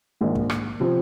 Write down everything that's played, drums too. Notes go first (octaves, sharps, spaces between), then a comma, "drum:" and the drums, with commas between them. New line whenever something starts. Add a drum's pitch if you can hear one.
A#1 G#2 D#3
drum: kick
drum: rim click
C3 F3 C4